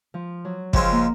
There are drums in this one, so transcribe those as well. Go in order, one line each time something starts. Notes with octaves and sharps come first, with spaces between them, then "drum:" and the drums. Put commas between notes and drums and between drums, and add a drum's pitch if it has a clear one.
F3
F#3
C#2 C#3 F3 G#3 C4 F4, drum: kick
A#3